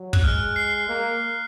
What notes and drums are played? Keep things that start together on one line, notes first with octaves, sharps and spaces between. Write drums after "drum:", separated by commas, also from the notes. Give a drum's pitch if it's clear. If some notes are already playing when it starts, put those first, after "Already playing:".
Already playing: F#3
F#6, drum: kick
G#3 F6
C7
A#3